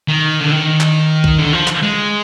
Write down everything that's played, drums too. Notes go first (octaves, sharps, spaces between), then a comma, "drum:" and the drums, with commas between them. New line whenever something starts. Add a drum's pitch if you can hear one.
D#3
D3
D#3
drum: clap
drum: kick B1
D3
F3
drum: clap
G#3